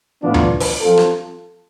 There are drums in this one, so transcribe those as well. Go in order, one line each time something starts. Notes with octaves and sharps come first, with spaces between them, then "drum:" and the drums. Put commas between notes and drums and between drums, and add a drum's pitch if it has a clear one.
A2 E3 B3 D4 F4
drum: tom D2
drum: open hi-hat
F3 C4 F4 A4
drum: rim click